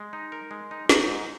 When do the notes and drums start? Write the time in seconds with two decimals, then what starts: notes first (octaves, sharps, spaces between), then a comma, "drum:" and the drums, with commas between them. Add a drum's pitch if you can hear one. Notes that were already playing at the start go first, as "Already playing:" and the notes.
Already playing: G#3
0.13 D#4
0.32 A#4
0.51 G#3
0.71 D#4
0.89 D#4, drum: snare
1.08 G#2